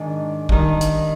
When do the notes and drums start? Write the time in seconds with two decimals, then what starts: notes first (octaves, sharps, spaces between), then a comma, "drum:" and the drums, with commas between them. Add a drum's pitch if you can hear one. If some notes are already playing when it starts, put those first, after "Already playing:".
Already playing: G#2 D#3 D4
0.49 G2 D#3, drum: kick
0.81 drum: hi-hat